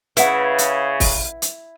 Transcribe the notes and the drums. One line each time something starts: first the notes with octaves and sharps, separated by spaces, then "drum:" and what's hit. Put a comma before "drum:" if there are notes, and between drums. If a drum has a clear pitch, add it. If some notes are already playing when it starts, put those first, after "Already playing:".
C#3 E4 B4 F#5, drum: hi-hat
drum: hi-hat
drum: kick, open hi-hat
drum: hi-hat